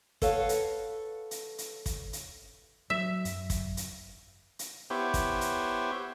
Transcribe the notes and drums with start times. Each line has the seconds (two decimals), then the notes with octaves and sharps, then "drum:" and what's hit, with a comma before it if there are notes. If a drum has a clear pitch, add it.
0.22 A4 B4 C#5 F5 F#5, drum: kick, hi-hat
0.49 drum: hi-hat
1.31 drum: hi-hat
1.58 drum: hi-hat
1.86 drum: kick, hi-hat
2.13 drum: hi-hat
2.90 F#3 E5
3.25 F#2, drum: hi-hat
3.50 drum: kick, hi-hat
3.77 drum: hi-hat
4.59 drum: hi-hat
4.90 B3 E4 G4 C5 C#5
5.14 drum: kick, hi-hat
5.41 drum: hi-hat